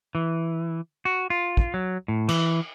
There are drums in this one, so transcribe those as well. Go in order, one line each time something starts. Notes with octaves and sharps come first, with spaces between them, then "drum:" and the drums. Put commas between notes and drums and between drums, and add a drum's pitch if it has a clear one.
E3
F#4
F4
drum: kick
F#3
A2
E3, drum: cymbal